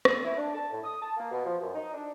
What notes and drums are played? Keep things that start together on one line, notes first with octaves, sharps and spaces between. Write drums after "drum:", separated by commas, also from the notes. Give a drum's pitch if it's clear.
drum: rim click
E4
D4
A5
A2
D#6
A5
A#3
B2
F3
F#2
D#4
D4